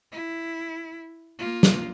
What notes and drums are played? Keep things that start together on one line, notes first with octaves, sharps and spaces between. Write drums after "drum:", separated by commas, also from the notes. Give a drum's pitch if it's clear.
E4
A#3 F4
drum: snare